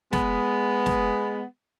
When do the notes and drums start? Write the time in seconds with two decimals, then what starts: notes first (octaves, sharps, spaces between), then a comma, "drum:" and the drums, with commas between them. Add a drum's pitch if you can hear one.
0.13 G#3 B3, drum: snare
0.86 drum: snare